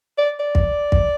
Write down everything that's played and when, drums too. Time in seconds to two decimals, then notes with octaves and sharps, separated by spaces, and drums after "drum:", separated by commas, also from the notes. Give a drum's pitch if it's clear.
0.18 D5
0.40 D5
0.55 drum: kick
0.92 drum: kick